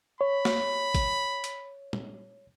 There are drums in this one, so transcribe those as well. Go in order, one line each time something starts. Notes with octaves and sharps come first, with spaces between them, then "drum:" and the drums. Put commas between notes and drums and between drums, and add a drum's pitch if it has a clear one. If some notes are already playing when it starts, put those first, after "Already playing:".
C#5 B5
drum: snare A#3
drum: kick, hi-hat
drum: hi-hat
drum: tom